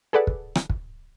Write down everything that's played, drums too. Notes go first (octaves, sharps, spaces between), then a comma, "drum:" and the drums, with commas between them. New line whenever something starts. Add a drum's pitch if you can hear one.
G#4 A4 B4 D5 F#5
drum: kick
drum: rim click
drum: kick